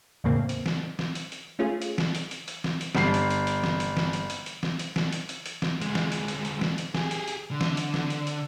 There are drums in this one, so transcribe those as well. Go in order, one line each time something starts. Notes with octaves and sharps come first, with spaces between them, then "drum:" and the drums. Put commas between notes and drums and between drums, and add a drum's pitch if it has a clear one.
E2 A2 C#3 A#3 C4
drum: hi-hat
drum: snare
drum: snare
drum: hi-hat
drum: hi-hat
A3 C#4 F4 G#4
drum: hi-hat
drum: snare
drum: hi-hat
drum: hi-hat
drum: hi-hat
drum: snare
drum: hi-hat
G1 C7, drum: snare
drum: hi-hat
drum: hi-hat
drum: hi-hat
drum: snare
drum: hi-hat
drum: snare
drum: hi-hat
drum: hi-hat
drum: hi-hat
drum: snare
drum: hi-hat
drum: snare
drum: hi-hat
drum: hi-hat
drum: hi-hat
drum: snare
D2 G#3, drum: hi-hat
drum: snare
drum: hi-hat
drum: hi-hat
drum: hi-hat
drum: snare
drum: hi-hat
G4 G#4, drum: snare
drum: hi-hat
drum: hi-hat
D3
drum: snare
drum: hi-hat
drum: snare
drum: hi-hat
drum: hi-hat